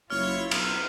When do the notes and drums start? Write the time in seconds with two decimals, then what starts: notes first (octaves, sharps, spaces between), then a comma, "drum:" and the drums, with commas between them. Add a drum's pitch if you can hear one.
0.10 F#1 F#3 E4 F4 C#5 F6
0.51 B1 C5, drum: cymbal